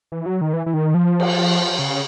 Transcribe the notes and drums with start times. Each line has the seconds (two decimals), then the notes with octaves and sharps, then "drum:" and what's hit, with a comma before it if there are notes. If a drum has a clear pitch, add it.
0.12 E3
0.26 F#3
0.41 D#3
0.53 E3
0.66 E3
0.74 D#3
0.94 F3
1.20 drum: cymbal
1.79 C#3